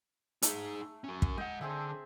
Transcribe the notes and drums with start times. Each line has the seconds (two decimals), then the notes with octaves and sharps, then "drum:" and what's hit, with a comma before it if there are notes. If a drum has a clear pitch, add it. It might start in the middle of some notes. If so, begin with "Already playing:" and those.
0.42 A3 D#4 G#4, drum: hi-hat
1.04 C#4 F#4
1.22 drum: kick
1.38 G#3 D#5 F#5 G5
1.61 D3 C4 G#4 E5